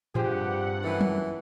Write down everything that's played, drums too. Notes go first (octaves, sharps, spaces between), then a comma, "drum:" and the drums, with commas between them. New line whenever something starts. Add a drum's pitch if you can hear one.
G2 F3 C4 G4 G#4 F#5, drum: tom A2
F#2 E3 A4 B4
drum: tom